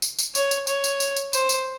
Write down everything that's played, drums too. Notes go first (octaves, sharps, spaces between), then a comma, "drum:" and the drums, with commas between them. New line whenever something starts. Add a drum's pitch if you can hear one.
drum: tambourine
drum: tambourine
C#5, drum: tambourine
drum: tambourine
C#5, drum: tambourine
drum: tambourine
drum: tambourine
drum: tambourine
C5, drum: tambourine
drum: tambourine